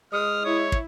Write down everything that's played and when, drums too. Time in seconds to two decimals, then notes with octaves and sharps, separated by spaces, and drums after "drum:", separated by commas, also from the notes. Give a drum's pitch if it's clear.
0.13 G#3 D#6 F6
0.45 E4 C#5
0.72 drum: kick